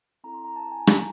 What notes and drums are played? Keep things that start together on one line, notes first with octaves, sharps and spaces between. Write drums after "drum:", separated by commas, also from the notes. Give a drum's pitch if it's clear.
C4 E4 A4 A#5
C6
A#5
A5
G#5
C#4 E4 A4 A5, drum: rim click
A#5